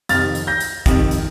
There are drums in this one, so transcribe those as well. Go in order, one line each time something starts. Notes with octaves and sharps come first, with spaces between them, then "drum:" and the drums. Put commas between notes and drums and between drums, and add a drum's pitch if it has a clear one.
F2 C3 D#3 F6 A6, drum: hi-hat
drum: hi-hat
G6 A#6
drum: hi-hat
F2 C3 D#3, drum: kick, hi-hat
drum: hi-hat